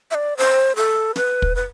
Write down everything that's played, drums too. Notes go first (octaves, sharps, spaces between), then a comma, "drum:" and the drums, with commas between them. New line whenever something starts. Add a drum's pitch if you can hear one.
E5
D5
C5
A4
B4, drum: snare
drum: kick
B4